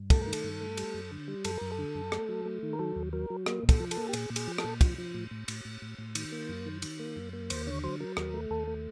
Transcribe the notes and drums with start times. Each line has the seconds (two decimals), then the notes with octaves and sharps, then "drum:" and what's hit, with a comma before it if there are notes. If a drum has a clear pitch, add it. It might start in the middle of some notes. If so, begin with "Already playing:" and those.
Already playing: G2
0.10 A3 A4, drum: kick, cymbal
0.21 A#4
0.27 D#3
0.33 A4, drum: cymbal
0.44 G2
0.61 A3
0.77 G3, drum: cymbal
0.94 F#2
1.11 D3
1.28 G3
1.45 F#2 A4, drum: cymbal
1.57 F#2 A#4
1.72 A4
1.79 D3
1.95 F#2
2.12 A3, drum: rim click
2.29 F#3
2.45 A3
2.63 D#3
2.73 A#4
2.79 F#3 A4
2.96 D#2
3.13 F#3 A#4
3.30 F#3
3.46 A#3, drum: rim click
3.63 A#2
3.69 A4, drum: kick, cymbal
3.80 F3
3.91 A4, drum: cymbal
3.97 A#3
4.09 G4
4.13 A#2 G#4, drum: cymbal
4.30 A#2
4.36 G#4, drum: cymbal
4.48 F3
4.58 A4, drum: rim click
4.64 A#2
4.81 F3, drum: kick, cymbal
4.98 F3
5.14 A2
5.31 A2
5.48 A2, drum: cymbal
5.65 A2
5.82 A2
5.98 A2
6.15 D#3, drum: cymbal
6.32 A#3
6.49 F#2
6.66 D#3
6.82 D#3, drum: cymbal
6.99 A#3
7.16 F#2
7.33 A#3
7.50 D#2 C5, drum: cymbal
7.67 D3 C#5
7.84 F#3 C5
8.00 F#3 A#4
8.17 D#2 A#4, drum: rim click
8.34 A3
8.50 D#2 A4
8.67 A3